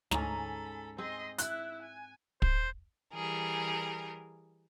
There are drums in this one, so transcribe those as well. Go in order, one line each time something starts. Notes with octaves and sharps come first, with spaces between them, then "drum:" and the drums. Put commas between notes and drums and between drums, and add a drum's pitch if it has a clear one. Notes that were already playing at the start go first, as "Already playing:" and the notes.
D2 G#2 C#4 A4 G#5 A#5 B5, drum: snare
C4 G#4 D#5 C6
E4 E5 F#6, drum: hi-hat
G#5
C5, drum: kick
E3 G3 G#4 A#4